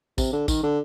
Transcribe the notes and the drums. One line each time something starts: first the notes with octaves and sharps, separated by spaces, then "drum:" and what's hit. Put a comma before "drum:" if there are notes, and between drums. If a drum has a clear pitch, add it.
C3, drum: kick A1, tambourine
D3
D#3, drum: kick A1, tambourine
D3